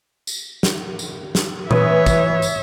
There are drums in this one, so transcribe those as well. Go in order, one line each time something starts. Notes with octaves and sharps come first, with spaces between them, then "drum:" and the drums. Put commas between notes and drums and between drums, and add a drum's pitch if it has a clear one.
drum: tambourine
drum: snare
drum: tambourine
drum: snare
E3 B4 C#5 E5 D#6, drum: tom A#2
drum: kick, tambourine
drum: tambourine